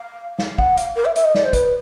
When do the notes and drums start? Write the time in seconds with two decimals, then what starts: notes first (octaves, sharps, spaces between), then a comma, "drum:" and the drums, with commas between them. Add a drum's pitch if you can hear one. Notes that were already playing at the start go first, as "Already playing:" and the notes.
Already playing: F5
0.39 F5, drum: snare
0.58 F#5, drum: kick
0.77 F5, drum: hi-hat
0.96 A#4
1.05 E5
1.16 E5, drum: hi-hat
1.24 D#5
1.35 D5, drum: snare
1.44 C5
1.53 B4, drum: kick, hi-hat